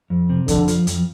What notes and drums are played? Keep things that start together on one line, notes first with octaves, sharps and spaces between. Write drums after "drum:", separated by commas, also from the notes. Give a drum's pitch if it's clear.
F2
C3
F2 D3, drum: kick, hi-hat
F3, drum: hi-hat
F2, drum: hi-hat